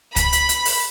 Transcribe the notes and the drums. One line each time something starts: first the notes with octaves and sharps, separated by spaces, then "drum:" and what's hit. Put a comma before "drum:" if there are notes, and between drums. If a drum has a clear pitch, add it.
B5, drum: kick C#2, hi-hat
drum: hi-hat
drum: hi-hat
drum: open hi-hat